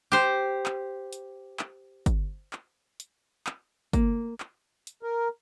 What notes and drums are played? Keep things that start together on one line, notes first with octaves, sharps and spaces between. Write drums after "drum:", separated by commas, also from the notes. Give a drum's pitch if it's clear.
G4 C5
drum: clap
drum: hi-hat
drum: clap
drum: kick, hi-hat
drum: clap
drum: hi-hat
drum: clap
A#3, drum: kick, hi-hat
drum: clap
drum: hi-hat
A#4